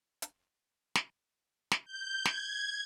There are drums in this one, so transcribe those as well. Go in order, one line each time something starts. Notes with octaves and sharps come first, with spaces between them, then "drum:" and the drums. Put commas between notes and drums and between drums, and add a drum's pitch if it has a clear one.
drum: hi-hat
drum: snare
drum: snare
G6
G#6, drum: snare